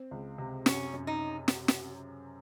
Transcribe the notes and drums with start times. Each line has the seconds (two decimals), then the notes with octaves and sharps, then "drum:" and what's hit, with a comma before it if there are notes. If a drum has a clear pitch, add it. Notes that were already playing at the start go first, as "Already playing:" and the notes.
Already playing: C4
0.11 C#2
0.38 C3
0.66 F#2 C#4, drum: snare
0.93 F#2
1.07 D#4
1.48 drum: snare
1.68 drum: snare